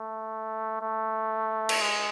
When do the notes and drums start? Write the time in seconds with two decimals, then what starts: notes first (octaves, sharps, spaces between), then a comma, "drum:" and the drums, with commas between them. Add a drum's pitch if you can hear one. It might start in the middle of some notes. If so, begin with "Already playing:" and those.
Already playing: A3
0.82 A3
1.69 drum: cymbal
1.81 G#3